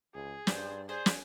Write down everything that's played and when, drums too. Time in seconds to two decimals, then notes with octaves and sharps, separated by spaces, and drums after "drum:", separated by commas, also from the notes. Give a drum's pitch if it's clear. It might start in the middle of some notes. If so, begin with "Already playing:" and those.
0.14 C#2 G#4
0.47 G2 C5 D5, drum: snare
0.89 G#4 C5 D5
1.06 drum: snare